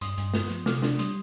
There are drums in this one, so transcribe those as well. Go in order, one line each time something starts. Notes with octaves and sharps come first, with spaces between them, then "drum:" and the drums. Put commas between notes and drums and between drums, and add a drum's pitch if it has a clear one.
G2 C6 D#6, drum: hi-hat
G2, drum: hi-hat
B3, drum: snare
F3, drum: hi-hat
C3 D6 F6, drum: snare
D4 C6 D#6, drum: snare
G3 C6 D#6, drum: hi-hat